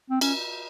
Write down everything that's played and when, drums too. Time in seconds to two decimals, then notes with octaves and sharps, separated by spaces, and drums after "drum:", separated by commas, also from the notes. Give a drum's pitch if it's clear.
0.10 C4
0.21 C#4, drum: cymbal